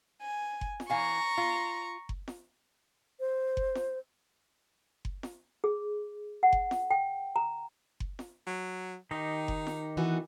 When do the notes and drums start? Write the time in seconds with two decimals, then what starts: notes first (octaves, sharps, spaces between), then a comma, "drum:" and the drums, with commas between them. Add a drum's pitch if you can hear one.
0.22 G#5
0.61 drum: kick F#1
0.80 drum: snare
0.90 E3 F5 G#5 A#5 C#6
1.38 F4
2.09 drum: kick F#1
2.28 drum: snare
3.20 C5
3.57 drum: kick F#1
3.75 drum: snare
5.05 drum: kick F#1
5.23 drum: snare
5.64 G#4
6.43 F#5
6.53 drum: kick F#1
6.71 drum: snare
6.91 G5
7.36 A#5
8.00 drum: kick F#1
8.19 drum: snare
8.47 F#3
9.11 D#3 D#4 G4 D#5
9.48 drum: kick F#1
9.67 drum: snare
9.97 E3 B3 F#4